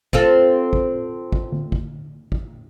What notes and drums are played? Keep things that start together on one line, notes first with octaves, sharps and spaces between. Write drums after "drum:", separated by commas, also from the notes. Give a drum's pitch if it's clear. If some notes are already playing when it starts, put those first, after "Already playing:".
C4 F4 A4, drum: kick
drum: kick
drum: kick
drum: tom D3
drum: kick
drum: kick